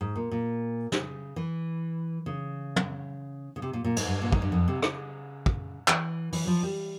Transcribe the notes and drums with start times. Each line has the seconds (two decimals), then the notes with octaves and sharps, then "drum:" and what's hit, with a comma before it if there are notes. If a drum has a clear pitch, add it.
0.01 G#2
0.16 A#2
0.31 A#2
0.92 C#3, drum: snare
1.36 E3
2.26 C#3
2.76 drum: tom
3.56 C#3
3.62 C3
3.73 A#2
3.84 A#2
3.96 G#2, drum: cymbal
4.08 G2
4.22 A#2
4.32 G#2, drum: kick
4.42 G2
4.52 F2
4.68 C3
4.82 C#3, drum: rim click
5.46 drum: kick
5.88 E3, drum: clap
6.33 E3, drum: open hi-hat
6.47 F3
6.63 G3